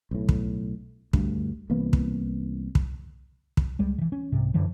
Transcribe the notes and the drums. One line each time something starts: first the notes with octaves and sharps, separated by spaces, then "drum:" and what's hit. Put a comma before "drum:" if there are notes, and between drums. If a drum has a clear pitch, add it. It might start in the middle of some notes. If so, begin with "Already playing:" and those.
B1 A2
drum: kick
D2 G2, drum: kick
C2 E3 A#3 B3
drum: kick
drum: kick
drum: kick
C#2 G3 G#3
D3 E3
C#4
C2 G#2 C3
F#2 D3 E3 F3